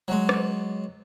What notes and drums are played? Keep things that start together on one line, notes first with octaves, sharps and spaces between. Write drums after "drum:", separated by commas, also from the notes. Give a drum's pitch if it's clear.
F#3 G#3
drum: rim click